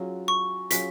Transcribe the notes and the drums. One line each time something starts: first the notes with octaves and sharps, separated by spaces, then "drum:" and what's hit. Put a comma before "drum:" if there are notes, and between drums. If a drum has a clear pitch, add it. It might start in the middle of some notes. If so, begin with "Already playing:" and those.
Already playing: F#3 C#4 F4 G#4
C#6
F#3 C#4 F4 G#4 B6, drum: hi-hat